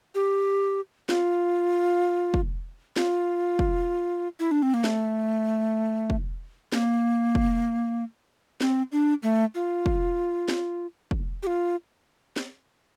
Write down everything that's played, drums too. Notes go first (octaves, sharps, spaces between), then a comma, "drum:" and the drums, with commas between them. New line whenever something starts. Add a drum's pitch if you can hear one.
G4
F4, drum: snare
drum: kick
F4, drum: snare
drum: kick
E4
D4
C4
A#3
A3, drum: snare
drum: kick
A#3, drum: snare
drum: kick
C4, drum: snare
D4
A3
F4
drum: kick
drum: snare
drum: kick
G4
F4
drum: snare